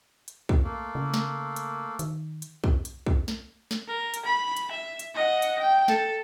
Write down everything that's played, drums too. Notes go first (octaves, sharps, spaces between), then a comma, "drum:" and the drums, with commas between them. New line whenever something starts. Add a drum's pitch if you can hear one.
drum: hi-hat
drum: kick
A3 A#3
C#3
drum: snare
drum: hi-hat
D#3, drum: hi-hat
drum: hi-hat
drum: kick
drum: hi-hat
drum: kick
drum: snare
drum: snare
A#4
drum: hi-hat
B5
drum: hi-hat
E5
drum: hi-hat
D#5 F#5
drum: hi-hat
G5
A4, drum: snare